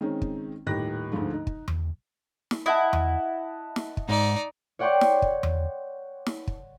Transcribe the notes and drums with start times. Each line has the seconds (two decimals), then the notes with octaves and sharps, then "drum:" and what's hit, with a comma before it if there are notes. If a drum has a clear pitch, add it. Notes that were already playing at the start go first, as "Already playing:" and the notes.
0.01 D#3 G#3 C4 C#4 D#4
0.22 drum: kick
0.66 D#1 A2 D#4 G4 F#6 A#6
1.12 D2 G#2 F3 A3
1.33 D#4
1.47 drum: kick
1.68 drum: tom E2
2.51 drum: snare
2.66 E4 D#5 F#5 A5
2.93 drum: tom E2
3.76 drum: snare
3.97 drum: kick
4.09 G#2 D#4 D5
4.79 C#5 D5 F#5 G5 C6 C#6
5.01 drum: snare
5.22 drum: kick
5.43 drum: tom E2
6.27 drum: snare
6.47 drum: kick